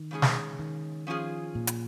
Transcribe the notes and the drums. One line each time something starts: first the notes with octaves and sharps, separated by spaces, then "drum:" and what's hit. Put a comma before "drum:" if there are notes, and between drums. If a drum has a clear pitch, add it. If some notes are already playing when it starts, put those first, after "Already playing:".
Already playing: D#3
C#3 G#3 C#4 G#4
drum: snare
D#3
F3 C#4 F4 G#4
A#2
drum: hi-hat